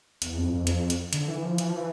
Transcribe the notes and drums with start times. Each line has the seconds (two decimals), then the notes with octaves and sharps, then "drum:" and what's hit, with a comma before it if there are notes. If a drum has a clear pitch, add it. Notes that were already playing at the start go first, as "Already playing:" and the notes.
0.22 E2, drum: hi-hat
0.37 F2
0.53 F2
0.64 E2
0.67 F2, drum: hi-hat
0.90 drum: hi-hat
1.13 D3, drum: hi-hat
1.28 E3
1.43 F3
1.58 E3, drum: hi-hat
1.68 F3
1.76 E3